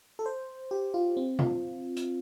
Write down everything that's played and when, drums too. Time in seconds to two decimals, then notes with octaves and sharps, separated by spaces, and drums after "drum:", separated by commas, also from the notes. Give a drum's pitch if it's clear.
0.19 A4
0.26 C5
0.71 G4
0.94 F4
1.17 C4
1.39 F4, drum: tom B2
1.97 drum: hi-hat